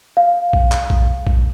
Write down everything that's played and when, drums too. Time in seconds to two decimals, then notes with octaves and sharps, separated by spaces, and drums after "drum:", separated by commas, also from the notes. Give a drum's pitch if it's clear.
0.17 F5
0.53 drum: kick A#1
0.72 drum: clap
0.90 drum: kick A#1
1.27 drum: kick A#1